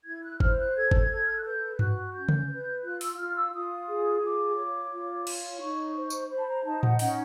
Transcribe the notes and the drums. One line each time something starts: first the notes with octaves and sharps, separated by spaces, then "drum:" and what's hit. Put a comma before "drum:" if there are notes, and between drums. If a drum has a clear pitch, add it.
E4 G#6
F#6
C5 F6, drum: kick G1
F#6
A4 G#6
drum: kick G1
A4
F6
F#6
B4 G6
F#4 F#6, drum: tom G2
C#4 G6
drum: tom C#3
B4
F4 F#6
E6, drum: open hi-hat
F4 F6
E6
F4 D#6
G#4
F4 D6
C#5
F4
C#5, drum: cymbal
D#4 C#6
C5
drum: tambourine
C5 B5
A5
A#5
D#4 A5
F#5, drum: tom A2
C#4 F#5, drum: open hi-hat